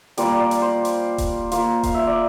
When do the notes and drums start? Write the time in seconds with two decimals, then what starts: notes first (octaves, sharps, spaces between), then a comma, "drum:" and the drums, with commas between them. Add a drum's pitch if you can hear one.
0.17 G3 A#3 F4 D5, drum: hi-hat
0.39 D5
0.51 drum: hi-hat
0.62 C5
0.85 drum: hi-hat
1.18 drum: kick D#1, hi-hat
1.52 A#3 F4, drum: hi-hat
1.83 F5, drum: kick D#1, hi-hat
1.94 E5
2.07 D5